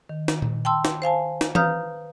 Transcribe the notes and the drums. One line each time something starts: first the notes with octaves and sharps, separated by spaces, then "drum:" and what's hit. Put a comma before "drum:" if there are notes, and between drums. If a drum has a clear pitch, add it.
D#3
drum: snare
drum: tom A#2
G5 A5 C6 E6
drum: snare
C5 F5 G#5 A5
drum: snare
B4 F5 A#5 D#6 F6 G6, drum: tom E3